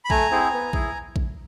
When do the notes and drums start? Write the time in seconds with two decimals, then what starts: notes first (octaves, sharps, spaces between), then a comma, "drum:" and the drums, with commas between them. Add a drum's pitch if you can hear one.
0.05 B5
0.10 A3 G#5 A#5, drum: kick A#1
0.31 C4 E4 G#4
0.53 B3
0.73 E4 G#4, drum: kick A#1
1.16 drum: kick A#1